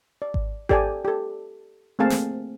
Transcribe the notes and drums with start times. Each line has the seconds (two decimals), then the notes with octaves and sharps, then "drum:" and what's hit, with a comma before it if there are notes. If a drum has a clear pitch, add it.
0.22 D5
0.34 drum: kick G#1
0.69 G4 A4 D5 G5 G#5, drum: kick G#1
1.05 G4 A4
1.99 A3 A#3 C4 G#4 F5 A5
2.10 drum: snare